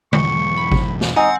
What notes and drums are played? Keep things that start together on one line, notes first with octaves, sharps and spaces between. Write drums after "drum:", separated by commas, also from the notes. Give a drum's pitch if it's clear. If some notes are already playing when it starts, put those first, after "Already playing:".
B1 E2 C#6, drum: tom D3
B5
drum: kick G#1
drum: snare
C4 D#4 D#5 F#5 G#5